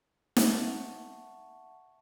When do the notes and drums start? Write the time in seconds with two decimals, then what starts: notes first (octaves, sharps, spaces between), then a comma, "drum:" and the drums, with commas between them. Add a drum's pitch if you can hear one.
0.37 E5 F#5 A5 C#6, drum: snare